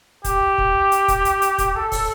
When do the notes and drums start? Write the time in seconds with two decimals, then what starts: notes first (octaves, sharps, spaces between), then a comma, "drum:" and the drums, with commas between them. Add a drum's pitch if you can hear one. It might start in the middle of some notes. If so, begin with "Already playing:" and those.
0.24 G4, drum: kick, hi-hat
0.58 drum: kick
0.92 drum: hi-hat
1.08 drum: kick, hi-hat
1.25 drum: hi-hat
1.42 drum: hi-hat
1.58 drum: kick, hi-hat
1.76 A4
1.92 drum: kick, open hi-hat